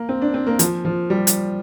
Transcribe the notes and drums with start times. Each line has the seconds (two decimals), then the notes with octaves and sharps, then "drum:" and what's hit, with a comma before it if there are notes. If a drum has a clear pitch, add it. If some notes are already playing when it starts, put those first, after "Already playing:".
Already playing: A#3
0.09 C4
0.22 D4
0.34 C4
0.47 A#3
0.59 F3, drum: hi-hat
0.85 F3
1.10 G3
1.27 drum: hi-hat